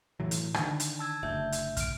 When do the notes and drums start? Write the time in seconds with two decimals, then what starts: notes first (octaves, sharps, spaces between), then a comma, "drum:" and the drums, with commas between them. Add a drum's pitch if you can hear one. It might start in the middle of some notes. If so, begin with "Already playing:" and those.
0.20 A2 E3 F#3
0.31 drum: hi-hat
0.54 D3 D#3, drum: rim click
0.80 drum: hi-hat
0.99 A5 E6 G#6
1.23 F#1 D2 E5 G6
1.52 drum: hi-hat
1.77 F6 D7, drum: kick, hi-hat